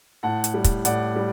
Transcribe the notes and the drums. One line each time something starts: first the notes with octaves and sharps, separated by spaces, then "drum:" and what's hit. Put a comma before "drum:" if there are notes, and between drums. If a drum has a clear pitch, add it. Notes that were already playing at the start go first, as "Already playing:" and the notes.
A2 F#5 A5
drum: hi-hat
G3
drum: kick, hi-hat
A2 D5 F#5, drum: hi-hat
G3